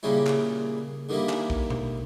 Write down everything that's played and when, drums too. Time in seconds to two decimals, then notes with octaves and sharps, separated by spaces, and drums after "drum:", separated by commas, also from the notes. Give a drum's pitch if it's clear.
0.03 A#2 C#3 G3 A#3 C#4 E4
0.27 drum: clap
1.09 D3 D#3 G3 A#3 E4
1.29 drum: clap
1.50 drum: kick A#1
1.70 drum: tom B2